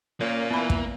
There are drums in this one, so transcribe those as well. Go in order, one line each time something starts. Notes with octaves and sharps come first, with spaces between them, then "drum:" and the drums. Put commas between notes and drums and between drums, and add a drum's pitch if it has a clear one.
A#2 A#3 C#4
E3 B3 B5
drum: kick